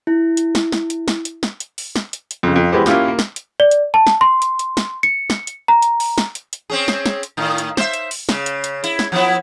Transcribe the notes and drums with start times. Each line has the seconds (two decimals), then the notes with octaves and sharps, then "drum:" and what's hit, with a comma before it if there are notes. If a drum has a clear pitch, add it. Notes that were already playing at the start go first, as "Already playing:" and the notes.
0.07 E4
0.37 drum: hi-hat
0.55 drum: snare
0.72 drum: snare
0.90 drum: hi-hat
1.08 drum: snare
1.25 drum: hi-hat
1.43 drum: snare
1.60 drum: hi-hat
1.78 drum: open hi-hat
1.96 drum: snare
2.13 drum: hi-hat
2.31 drum: hi-hat
2.43 F2 C#3
2.56 F2
2.72 E3 G#3 B3 G4 C5
2.86 A#3 C#4 E4 F4 G4, drum: snare
3.08 A#3
3.19 drum: snare
3.36 drum: hi-hat
3.60 D5
3.71 drum: hi-hat
3.94 A5
4.07 drum: snare
4.21 C6
4.42 drum: hi-hat
4.59 drum: hi-hat
4.77 drum: snare
5.03 C#7
5.30 drum: snare
5.47 drum: hi-hat
5.68 A#5
5.82 drum: hi-hat
6.00 drum: open hi-hat
6.18 drum: snare
6.35 drum: hi-hat
6.53 drum: hi-hat
6.70 C4 C#4 G#4
6.88 drum: snare
7.06 drum: snare
7.23 drum: hi-hat
7.37 A2 D#3
7.58 drum: hi-hat
7.77 C5 E5, drum: snare
7.93 drum: hi-hat
8.11 drum: open hi-hat
8.29 C#3, drum: snare
8.46 drum: hi-hat
8.64 drum: hi-hat
8.84 E4, drum: hi-hat
8.99 drum: snare
9.12 F3 B3 E4